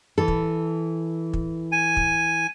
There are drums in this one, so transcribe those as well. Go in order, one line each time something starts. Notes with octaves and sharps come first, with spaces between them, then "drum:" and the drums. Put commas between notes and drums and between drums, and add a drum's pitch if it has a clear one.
E3 A4
drum: kick
drum: kick
G#5
drum: kick